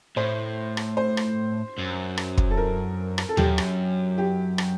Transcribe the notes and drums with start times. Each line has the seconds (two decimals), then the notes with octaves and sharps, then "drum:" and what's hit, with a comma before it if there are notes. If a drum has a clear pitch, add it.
0.17 A2 C5
0.77 drum: rim click
0.97 C5
1.17 drum: rim click
1.78 F#2
2.17 drum: rim click
2.38 drum: kick
2.51 A4
2.57 A#4
3.18 drum: rim click
3.29 A4
3.37 F#2 G4, drum: tom D#2
3.58 drum: rim click
4.18 G4
4.58 drum: rim click